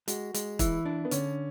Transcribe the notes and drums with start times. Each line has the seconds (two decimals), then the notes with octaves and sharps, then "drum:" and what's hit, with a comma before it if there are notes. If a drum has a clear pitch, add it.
0.08 G#3 F#4, drum: hi-hat
0.34 G#3, drum: hi-hat
0.59 E3 E4, drum: kick, hi-hat
0.85 D4
1.05 B3
1.11 D3 C#4, drum: hi-hat